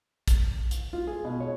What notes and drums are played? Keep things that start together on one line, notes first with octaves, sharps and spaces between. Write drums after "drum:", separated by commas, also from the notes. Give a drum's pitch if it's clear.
drum: kick A#1, hi-hat
drum: hi-hat
F4
G#4
B2
C#5